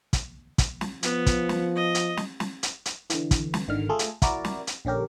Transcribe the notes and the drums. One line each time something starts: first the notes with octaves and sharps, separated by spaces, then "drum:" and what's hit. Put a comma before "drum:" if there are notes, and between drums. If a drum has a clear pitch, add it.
drum: kick, hi-hat
drum: kick, hi-hat
drum: snare
F3 B3, drum: hi-hat
drum: kick, hi-hat
drum: snare
D#5
drum: hi-hat
drum: snare
drum: snare
drum: hi-hat
drum: hi-hat
D3 E3, drum: hi-hat
drum: kick, hi-hat
drum: snare
G#1 D3 D#3 F6
A3 F4 G#4 A4
drum: hi-hat
E4 F#4 A#4 D5, drum: kick, hi-hat
drum: snare
drum: hi-hat
A#1 D3 C#4 G4 A#4